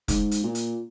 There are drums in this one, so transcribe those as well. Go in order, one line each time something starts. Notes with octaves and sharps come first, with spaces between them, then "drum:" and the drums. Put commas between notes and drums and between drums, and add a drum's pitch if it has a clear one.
G#2, drum: kick F1, hi-hat
drum: hi-hat
A#2
drum: hi-hat